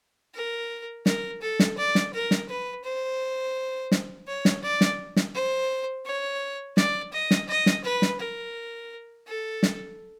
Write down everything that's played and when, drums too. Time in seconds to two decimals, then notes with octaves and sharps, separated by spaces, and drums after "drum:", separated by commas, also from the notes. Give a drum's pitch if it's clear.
0.34 A#4
1.06 A#4, drum: snare
1.41 A4
1.60 drum: snare
1.77 D5
1.95 drum: snare
2.13 A#4
2.31 drum: snare
2.49 B4
2.84 C5
3.92 drum: snare
4.27 C#5
4.45 drum: snare
4.63 D5
4.81 drum: snare
5.16 drum: snare
5.35 C5
6.06 C#5
6.77 D5, drum: snare
7.13 D#5
7.31 drum: snare
7.48 D#5
7.66 drum: snare
7.84 B4
8.02 drum: snare
8.19 A#4
9.27 A4
9.63 drum: snare